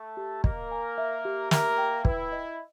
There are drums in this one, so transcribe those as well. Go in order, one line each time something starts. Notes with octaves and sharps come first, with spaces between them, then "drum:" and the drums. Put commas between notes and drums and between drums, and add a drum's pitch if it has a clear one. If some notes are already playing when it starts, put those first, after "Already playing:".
Already playing: A3 A4
G4
A#3 A#4 D#5, drum: kick
G#5
E5
G4
A#3 A#4 E5, drum: snare
G5
E4 B4, drum: kick
D#5